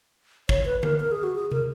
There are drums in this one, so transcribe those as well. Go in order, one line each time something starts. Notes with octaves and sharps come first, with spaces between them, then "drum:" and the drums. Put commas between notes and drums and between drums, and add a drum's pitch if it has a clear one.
C#5, drum: kick
B4
A#4, drum: tom D3
A#4
G#4
F#4
G#4
A#4, drum: tom